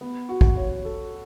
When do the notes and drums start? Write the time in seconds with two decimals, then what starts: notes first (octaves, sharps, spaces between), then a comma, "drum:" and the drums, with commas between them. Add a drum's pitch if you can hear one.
0.01 B3
0.29 F#4
0.41 drum: kick
0.57 C#5
0.85 A4